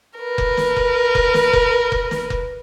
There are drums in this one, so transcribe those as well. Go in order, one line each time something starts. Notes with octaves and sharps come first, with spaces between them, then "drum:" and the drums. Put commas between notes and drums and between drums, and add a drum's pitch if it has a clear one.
A#4 B4
drum: kick F1
drum: snare
drum: kick F1
drum: kick F1
drum: snare
drum: kick F1
drum: kick F1
drum: snare
drum: kick F1